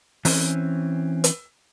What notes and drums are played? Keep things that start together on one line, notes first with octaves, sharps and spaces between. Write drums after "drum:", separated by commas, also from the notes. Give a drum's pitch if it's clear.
E3 C4 C#4, drum: open hi-hat
drum: hi-hat